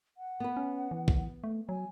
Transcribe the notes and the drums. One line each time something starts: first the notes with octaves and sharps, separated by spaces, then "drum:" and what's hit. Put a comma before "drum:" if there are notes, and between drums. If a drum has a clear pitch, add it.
F#5
B3 B4
C#4
E3
drum: kick A#1
A3
F#3 G#5